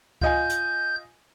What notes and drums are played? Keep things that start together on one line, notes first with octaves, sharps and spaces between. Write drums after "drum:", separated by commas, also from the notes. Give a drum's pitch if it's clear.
F4 D#5 G#5 G6, drum: kick C#2
drum: hi-hat